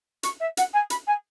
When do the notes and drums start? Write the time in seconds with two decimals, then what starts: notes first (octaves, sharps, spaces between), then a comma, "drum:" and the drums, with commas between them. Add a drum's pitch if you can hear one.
0.23 C#6, drum: hi-hat
0.40 E5
0.57 F#5, drum: hi-hat
0.73 G#5
0.90 B5, drum: hi-hat
1.07 G#5